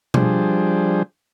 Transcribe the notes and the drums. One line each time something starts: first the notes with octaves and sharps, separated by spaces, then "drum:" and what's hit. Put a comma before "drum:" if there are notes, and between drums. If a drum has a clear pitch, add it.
F3 G3 D4 G#4 C5, drum: tom B2